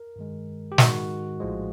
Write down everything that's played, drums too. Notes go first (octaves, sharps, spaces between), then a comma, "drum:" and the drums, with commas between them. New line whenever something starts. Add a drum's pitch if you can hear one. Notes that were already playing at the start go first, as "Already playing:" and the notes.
Already playing: A#4
G2 D#3 G#3
G4
G#2 D#3 G#3 F#4, drum: snare
A#1 A2 F3 G#3